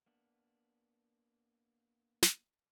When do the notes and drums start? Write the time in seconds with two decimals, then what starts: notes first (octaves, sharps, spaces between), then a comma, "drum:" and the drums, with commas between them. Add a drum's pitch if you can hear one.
0.06 A#3 B3 D4
2.22 drum: snare